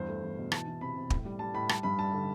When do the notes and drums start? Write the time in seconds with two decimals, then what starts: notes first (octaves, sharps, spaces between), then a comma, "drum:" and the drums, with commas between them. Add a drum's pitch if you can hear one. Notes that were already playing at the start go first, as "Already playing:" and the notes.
Already playing: E2 G2 C5
0.08 A3
0.23 E2
0.37 B2
0.52 E3 A5, drum: rim click
0.67 E3
0.81 C3 B5
0.96 C3
1.10 A2, drum: kick
1.25 G3
1.39 G3 A5
1.54 A2 B5
1.69 G3 A5, drum: rim click
1.83 G2 B5
1.99 G3 A5
2.13 D3